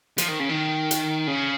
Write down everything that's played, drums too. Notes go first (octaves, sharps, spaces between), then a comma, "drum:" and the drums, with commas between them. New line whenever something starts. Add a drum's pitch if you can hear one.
F3, drum: hi-hat
D#3
C#3
D#3
drum: hi-hat
C#3